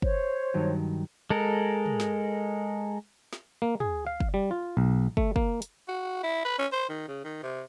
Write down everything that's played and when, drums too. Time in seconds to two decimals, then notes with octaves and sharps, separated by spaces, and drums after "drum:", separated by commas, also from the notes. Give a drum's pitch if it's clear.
0.02 C5 C#5, drum: kick
0.54 G2 D#3 F#3
1.30 G#3 A4 A#4
1.86 drum: tom
2.00 drum: snare
3.33 drum: snare
3.62 A#3
3.80 G#4, drum: tom
4.07 F5
4.20 drum: kick
4.34 G3
4.51 F4
4.77 B1
5.17 A3, drum: kick
5.36 A#3, drum: kick
5.62 drum: hi-hat
5.88 F#4
6.23 E4
6.45 B4
6.59 C#4
6.72 C5
6.89 D#3
7.08 C#3
7.25 D#3
7.43 C3